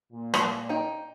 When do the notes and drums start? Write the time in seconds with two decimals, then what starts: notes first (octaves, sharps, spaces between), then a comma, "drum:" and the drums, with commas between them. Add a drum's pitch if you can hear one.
0.12 A#2
0.34 drum: rim click
0.69 D#4 G5